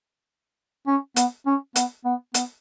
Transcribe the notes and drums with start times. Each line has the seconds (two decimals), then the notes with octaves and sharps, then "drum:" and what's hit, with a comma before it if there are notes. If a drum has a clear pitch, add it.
0.87 C#4
1.16 B3, drum: hi-hat
1.46 C#4
1.76 B3, drum: hi-hat
2.05 B3
2.34 B3, drum: hi-hat